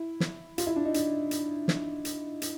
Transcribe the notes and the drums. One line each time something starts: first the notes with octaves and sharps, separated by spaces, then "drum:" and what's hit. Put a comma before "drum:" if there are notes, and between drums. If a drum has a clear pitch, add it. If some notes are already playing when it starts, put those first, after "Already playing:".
Already playing: E4
drum: snare
F4, drum: hi-hat
E4
D4
D#4
D4, drum: hi-hat
drum: hi-hat
drum: snare
drum: hi-hat
drum: hi-hat